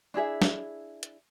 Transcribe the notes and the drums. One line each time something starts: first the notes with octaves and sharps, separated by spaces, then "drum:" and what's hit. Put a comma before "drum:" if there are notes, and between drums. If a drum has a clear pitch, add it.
D4 E4 G#4 E5
drum: snare
drum: hi-hat